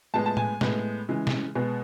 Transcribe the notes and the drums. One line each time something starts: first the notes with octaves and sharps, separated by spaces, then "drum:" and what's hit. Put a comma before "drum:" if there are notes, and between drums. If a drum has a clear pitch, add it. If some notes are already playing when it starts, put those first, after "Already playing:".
A2 G#3 B3 A5
A5
G#5, drum: tom
A2 G#3 B3, drum: snare
C#3 E3 G#3
drum: snare
B2 G#3 B3